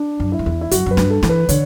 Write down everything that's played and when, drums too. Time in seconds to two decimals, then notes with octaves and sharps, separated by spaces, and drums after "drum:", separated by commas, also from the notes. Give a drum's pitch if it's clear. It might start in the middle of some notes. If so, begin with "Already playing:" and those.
Already playing: D4
0.20 F#2
0.32 E4
0.39 F#2
0.46 E2
0.61 E4
0.71 F#2 F#4, drum: hi-hat
0.86 F#2 B4
0.97 G2, drum: snare
1.10 A4
1.23 E3, drum: snare
1.29 B4
1.49 D3 C#5, drum: hi-hat